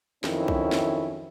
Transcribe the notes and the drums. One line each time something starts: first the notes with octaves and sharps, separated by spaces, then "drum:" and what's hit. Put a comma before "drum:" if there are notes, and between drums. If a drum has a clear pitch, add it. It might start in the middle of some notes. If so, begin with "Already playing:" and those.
F2 D#3 F#3 C#4 E4, drum: snare
drum: kick
drum: snare